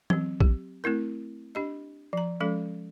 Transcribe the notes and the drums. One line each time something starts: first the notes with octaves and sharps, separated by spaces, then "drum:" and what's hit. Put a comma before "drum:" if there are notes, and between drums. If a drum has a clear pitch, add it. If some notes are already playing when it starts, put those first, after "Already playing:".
F#3 C4, drum: tom E3
G4, drum: kick A#1
A3 C4 E4 A#4
D4 G4 D#5
F3 A#5
F3 G#3 C#4 A4